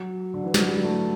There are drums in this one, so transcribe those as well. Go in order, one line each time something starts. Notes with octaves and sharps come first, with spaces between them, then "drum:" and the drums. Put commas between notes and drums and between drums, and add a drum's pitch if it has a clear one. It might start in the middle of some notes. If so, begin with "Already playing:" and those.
Already playing: F#3
D3
E3
F#3, drum: snare
G3
G3
A3